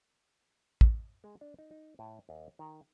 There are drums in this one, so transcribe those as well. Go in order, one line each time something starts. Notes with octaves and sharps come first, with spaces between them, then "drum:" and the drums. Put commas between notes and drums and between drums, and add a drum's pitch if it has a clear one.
drum: kick
G#3
D4
D#4
D#4
A2
D#2
D#3